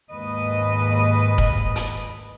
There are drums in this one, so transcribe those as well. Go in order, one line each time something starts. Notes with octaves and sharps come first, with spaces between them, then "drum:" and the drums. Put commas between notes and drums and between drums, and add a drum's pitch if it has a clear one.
D#2 G#2 B4 D#5
drum: kick
drum: hi-hat